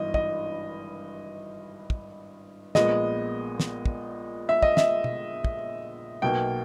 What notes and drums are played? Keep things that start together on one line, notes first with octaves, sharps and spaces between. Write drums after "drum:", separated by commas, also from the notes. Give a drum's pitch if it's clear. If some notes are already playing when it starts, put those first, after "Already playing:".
Already playing: G#1 G2 E3 D#5
D#5, drum: kick
drum: kick
A#1 A#2 G#3 B3 D#5, drum: snare
drum: snare
drum: kick
E5
D#5, drum: kick
E5, drum: snare
drum: tom B2
drum: kick
B1 B2 A#3 G5